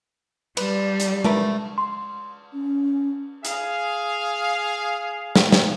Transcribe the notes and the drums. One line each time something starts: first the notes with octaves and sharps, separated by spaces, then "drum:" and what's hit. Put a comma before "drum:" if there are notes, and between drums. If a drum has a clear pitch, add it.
G3 B4, drum: cymbal
drum: hi-hat
A3 A#4 B4, drum: tom G#3
C6
C#4
G#4 F5, drum: hi-hat
drum: snare
drum: snare